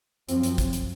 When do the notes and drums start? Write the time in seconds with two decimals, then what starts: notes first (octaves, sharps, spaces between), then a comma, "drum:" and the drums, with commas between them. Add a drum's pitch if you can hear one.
0.29 F#2 F3 C4, drum: hi-hat
0.43 drum: hi-hat
0.58 drum: kick, hi-hat
0.73 drum: hi-hat